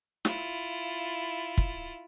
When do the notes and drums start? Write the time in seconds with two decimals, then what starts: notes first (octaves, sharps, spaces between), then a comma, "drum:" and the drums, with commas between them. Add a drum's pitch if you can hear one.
0.25 E4 F4, drum: snare
1.58 drum: kick